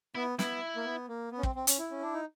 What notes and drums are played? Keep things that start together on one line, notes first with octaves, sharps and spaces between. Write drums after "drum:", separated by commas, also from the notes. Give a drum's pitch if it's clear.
B3 E4
B3 E4, drum: snare
A#3
B3
A#3
B3
C#4
C4, drum: kick
C4
C#4, drum: hi-hat
E4
C#4
D4
D#4